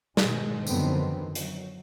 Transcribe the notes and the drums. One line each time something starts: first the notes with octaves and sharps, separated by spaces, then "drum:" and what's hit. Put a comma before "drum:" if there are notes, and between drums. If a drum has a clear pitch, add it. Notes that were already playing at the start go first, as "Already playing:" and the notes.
G#2 B2 D#3 G#3, drum: snare
F#2 D3 D#3 F3 B3 C4, drum: tambourine
F#3, drum: hi-hat